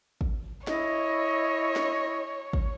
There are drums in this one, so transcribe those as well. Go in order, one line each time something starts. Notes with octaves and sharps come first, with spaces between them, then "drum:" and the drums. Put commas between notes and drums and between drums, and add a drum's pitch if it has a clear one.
drum: kick
E4 C#5 D#5, drum: snare
drum: snare
drum: kick